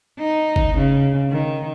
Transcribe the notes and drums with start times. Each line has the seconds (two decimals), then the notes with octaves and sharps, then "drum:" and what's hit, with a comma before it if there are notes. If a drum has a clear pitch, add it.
0.19 D#4
0.56 drum: kick G1
0.78 C#3
1.30 D#3